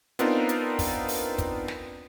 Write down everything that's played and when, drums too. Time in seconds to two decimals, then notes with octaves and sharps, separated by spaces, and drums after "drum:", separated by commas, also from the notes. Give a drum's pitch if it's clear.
0.19 B3 C4 D4 D#4 F4 A#4, drum: hi-hat
0.49 drum: hi-hat
0.79 drum: kick, open hi-hat
1.09 drum: open hi-hat
1.38 drum: kick, hi-hat
1.68 drum: snare